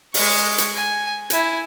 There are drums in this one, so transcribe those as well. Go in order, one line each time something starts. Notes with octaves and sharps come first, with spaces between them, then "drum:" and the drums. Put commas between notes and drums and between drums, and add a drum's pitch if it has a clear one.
G#3 C#6, drum: open hi-hat
drum: hi-hat
G#5
E4 G#5, drum: hi-hat